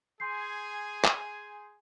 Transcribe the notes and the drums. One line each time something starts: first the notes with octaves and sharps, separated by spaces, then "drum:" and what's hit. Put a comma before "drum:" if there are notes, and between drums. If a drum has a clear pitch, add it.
G#4 G#5 C6 G6 C7
drum: clap